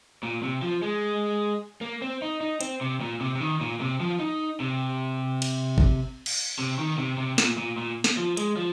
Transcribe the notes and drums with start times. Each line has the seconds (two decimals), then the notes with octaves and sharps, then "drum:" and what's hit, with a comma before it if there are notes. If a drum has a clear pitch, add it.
0.23 A#2
0.43 C3
0.62 F3
0.82 G#3
1.81 A#3
2.02 C4
2.22 D#4
2.41 D#4
2.61 C4, drum: hi-hat
2.81 C3
3.01 A#2
3.21 C3
3.35 C3
3.41 D#3
3.61 A#2
3.81 C3
4.00 F3
4.20 D#4
4.60 C3
5.42 drum: cymbal
5.78 drum: kick G#1
6.26 drum: cymbal
6.59 C3
6.79 D#3
6.98 C3
7.18 C3
7.38 A#2, drum: snare
7.58 A#2
7.78 A#2
8.04 drum: snare
8.17 F3
8.37 G#3, drum: hi-hat
8.57 F3